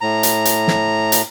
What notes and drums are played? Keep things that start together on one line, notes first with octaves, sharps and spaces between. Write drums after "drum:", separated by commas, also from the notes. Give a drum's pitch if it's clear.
A2 A#5
drum: hi-hat
drum: hi-hat
drum: snare
drum: hi-hat